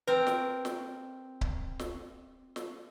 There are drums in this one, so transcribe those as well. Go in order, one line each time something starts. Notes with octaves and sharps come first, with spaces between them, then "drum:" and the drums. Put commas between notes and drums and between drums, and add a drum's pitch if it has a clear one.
C4 A#4 B4
drum: snare
drum: snare
drum: kick C#1
drum: snare
drum: snare